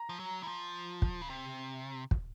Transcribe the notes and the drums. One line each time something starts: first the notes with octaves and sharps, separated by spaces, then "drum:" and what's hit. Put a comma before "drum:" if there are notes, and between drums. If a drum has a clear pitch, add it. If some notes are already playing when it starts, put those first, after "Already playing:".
Already playing: A#5
F3
F#3
E3
F3
drum: kick
C#3
C3
drum: kick